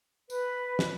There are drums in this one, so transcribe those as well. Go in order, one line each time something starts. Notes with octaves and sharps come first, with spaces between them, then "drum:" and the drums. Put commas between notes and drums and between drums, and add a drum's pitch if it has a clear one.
B4, drum: tambourine
drum: snare